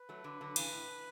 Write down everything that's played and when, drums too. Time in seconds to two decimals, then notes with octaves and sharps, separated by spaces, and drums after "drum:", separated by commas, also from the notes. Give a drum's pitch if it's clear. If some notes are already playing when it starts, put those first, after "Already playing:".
Already playing: B4
0.09 F#3 A3
0.24 D3 F#3
0.41 D3 F#3
0.56 C#3 E3, drum: cymbal
0.72 A2